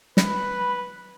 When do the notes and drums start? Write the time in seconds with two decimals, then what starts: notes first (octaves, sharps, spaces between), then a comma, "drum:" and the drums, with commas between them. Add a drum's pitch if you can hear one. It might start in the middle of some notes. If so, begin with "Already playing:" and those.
0.17 B4 B5, drum: snare